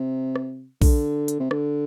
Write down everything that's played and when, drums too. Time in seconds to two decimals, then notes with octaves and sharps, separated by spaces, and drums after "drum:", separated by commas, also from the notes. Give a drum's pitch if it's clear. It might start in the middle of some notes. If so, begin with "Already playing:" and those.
Already playing: C3
0.36 drum: rim click
0.82 D3, drum: kick, open hi-hat
1.28 drum: hi-hat
1.40 C3
1.51 D3, drum: rim click